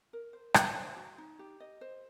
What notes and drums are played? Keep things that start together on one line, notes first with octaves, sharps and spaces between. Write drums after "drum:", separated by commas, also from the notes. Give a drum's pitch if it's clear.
A#4
C5
C5, drum: rim click
C5
F#4
D#4
G4
D#5
C5